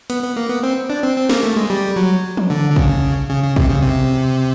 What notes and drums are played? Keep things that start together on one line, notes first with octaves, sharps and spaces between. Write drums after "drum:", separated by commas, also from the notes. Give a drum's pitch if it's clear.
B3, drum: hi-hat
B3
A#3
B3
C4
D4
C4
C4
A#3, drum: snare
A3
G#3
G3
F#3
drum: tom E3
D3
D3
C#3, drum: kick
C#3
C#3
C3, drum: kick
C#3
C3